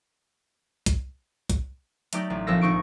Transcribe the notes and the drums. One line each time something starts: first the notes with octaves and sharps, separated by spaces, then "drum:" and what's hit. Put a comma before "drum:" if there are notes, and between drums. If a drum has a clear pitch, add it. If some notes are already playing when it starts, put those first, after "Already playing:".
drum: kick C2, hi-hat
drum: kick C2, hi-hat
F#3 A3 D#4 G4 D5, drum: hi-hat
A1
A#1 F3 C4 A4 E6 A#6
G#1 D#4 C#6 D7